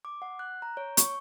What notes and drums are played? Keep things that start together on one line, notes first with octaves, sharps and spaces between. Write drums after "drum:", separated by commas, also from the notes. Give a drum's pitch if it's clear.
D6
F#5
F#6
A#5
C#5
C#6, drum: hi-hat